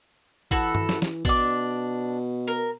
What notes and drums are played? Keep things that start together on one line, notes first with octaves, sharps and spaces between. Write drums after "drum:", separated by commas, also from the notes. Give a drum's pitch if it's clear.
E3 E4 F#4 A4, drum: kick
drum: tom G2
drum: snare
drum: snare
B2 D4 D6, drum: kick
A#4